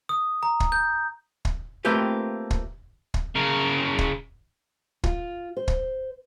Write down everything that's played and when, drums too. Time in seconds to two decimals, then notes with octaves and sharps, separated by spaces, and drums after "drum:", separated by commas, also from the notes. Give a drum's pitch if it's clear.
0.09 D#6
0.43 A#5
0.60 drum: kick
0.72 G6
1.45 drum: kick
1.85 A3 A#3 C4 F4 G4 B4
2.51 drum: kick
3.14 drum: kick
3.35 C#3 A#4
3.98 drum: kick
5.04 F4, drum: kick
5.57 C5
5.68 drum: kick